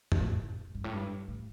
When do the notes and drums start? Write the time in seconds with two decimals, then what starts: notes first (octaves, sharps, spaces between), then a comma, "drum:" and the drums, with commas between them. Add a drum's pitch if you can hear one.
0.12 drum: tom F2
0.21 A2
0.75 G2
0.84 A2
0.93 G2
1.28 A2